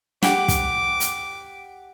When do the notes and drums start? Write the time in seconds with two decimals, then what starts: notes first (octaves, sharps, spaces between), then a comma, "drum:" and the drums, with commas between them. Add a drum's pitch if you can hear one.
0.22 G4 F#5 D6, drum: snare
0.48 drum: kick, hi-hat
1.00 drum: hi-hat